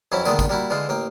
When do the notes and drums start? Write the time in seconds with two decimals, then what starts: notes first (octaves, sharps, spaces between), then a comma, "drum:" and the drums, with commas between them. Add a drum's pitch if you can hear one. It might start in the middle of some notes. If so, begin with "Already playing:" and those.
0.12 F2 E3 F#3 C#4 E4
0.25 A#2 D3 D#3 G#3 A3 B3, drum: tambourine
0.39 drum: kick G#1, tambourine
0.49 G3 A#3 E4 F#4
0.70 D3 E3 G#3 F4
0.89 A1 A#3 G5